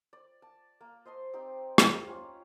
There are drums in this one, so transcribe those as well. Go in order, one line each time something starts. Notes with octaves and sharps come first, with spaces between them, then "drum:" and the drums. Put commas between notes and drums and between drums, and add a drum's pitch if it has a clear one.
D5
A5
A#3
C5 D#5 A5 C6
C4 D#4 G4 D5
drum: rim click
C#4 F4 G4 C#5